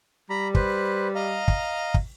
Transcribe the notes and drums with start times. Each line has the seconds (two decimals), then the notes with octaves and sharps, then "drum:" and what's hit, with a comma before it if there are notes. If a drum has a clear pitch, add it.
0.30 G3 A#5 B5
0.55 B4 C5, drum: kick
1.15 D#5 F5 A#5
1.48 drum: kick
1.94 drum: kick